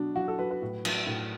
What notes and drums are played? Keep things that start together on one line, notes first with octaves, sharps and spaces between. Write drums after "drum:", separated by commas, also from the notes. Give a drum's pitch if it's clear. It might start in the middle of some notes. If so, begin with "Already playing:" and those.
Already playing: B2 F#3 D4
F#3 F#4
A4
F#3 B4
B4
A2
F#3, drum: cymbal
A2